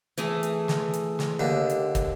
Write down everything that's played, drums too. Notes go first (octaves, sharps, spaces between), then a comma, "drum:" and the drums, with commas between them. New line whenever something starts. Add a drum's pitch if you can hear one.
E3 A3 G#4, drum: hi-hat
drum: hi-hat
drum: snare
drum: hi-hat
drum: snare
D#2 D3
drum: hi-hat
drum: kick, hi-hat